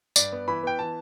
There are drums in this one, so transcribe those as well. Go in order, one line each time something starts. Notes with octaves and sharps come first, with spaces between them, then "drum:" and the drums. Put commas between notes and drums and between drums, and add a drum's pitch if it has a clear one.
G2 D5, drum: tambourine
B3
E3 B5
B3 G5
E3 A5